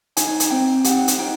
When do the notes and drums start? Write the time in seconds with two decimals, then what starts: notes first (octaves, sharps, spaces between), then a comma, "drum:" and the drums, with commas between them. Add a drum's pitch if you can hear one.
0.17 D#4 G#5, drum: hi-hat
0.40 drum: hi-hat
0.51 C4 G5
0.84 G4 F#5, drum: hi-hat
1.08 drum: hi-hat
1.19 D#4 G5